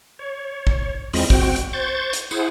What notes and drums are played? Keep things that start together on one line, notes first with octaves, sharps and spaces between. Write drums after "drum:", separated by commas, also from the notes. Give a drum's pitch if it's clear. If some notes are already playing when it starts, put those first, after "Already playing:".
C#5
drum: kick
E2 G#3 C4 F4 D#5 B5, drum: open hi-hat
C4 F#4 G5, drum: kick
drum: hi-hat
C5 C#6 G6 A6
drum: hi-hat
E4 G#4 C5 F#5, drum: tambourine